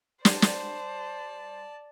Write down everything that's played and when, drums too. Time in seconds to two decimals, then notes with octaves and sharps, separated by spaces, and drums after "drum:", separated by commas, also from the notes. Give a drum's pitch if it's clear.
0.25 G3 C5 D5 A5, drum: snare
0.42 drum: snare